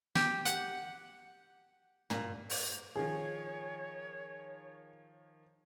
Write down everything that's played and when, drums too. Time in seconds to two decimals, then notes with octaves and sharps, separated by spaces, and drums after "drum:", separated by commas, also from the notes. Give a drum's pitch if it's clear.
0.15 G4, drum: snare
0.45 F#5, drum: hi-hat
2.10 A#2, drum: tom
2.50 drum: open hi-hat
2.96 D#3 F3 G#4 C#5